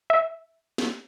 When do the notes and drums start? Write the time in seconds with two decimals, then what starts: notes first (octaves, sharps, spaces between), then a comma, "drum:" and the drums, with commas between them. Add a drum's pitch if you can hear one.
0.10 E5
0.78 drum: snare